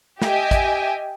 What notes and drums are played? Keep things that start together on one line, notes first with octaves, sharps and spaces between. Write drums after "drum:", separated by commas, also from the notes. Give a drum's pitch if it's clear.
G4 D#5 E5 G5 G#5, drum: snare
drum: kick, hi-hat